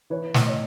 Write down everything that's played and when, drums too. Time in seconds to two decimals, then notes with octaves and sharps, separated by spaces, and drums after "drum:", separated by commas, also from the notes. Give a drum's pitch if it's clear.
0.10 E3 B4 C#5
0.34 A2, drum: snare
0.47 C#5 D#5